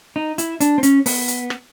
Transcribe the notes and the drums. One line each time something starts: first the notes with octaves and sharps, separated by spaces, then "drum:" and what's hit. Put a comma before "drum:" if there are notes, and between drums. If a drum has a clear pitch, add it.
D#4
E4, drum: hi-hat
D4, drum: hi-hat
C4
C#4, drum: hi-hat
B3, drum: open hi-hat
drum: hi-hat
drum: rim click